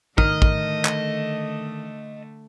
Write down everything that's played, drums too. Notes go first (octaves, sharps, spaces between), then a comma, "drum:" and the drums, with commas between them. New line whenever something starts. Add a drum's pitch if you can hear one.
D3 D#3 A3 D#5 F6, drum: kick
drum: kick
drum: clap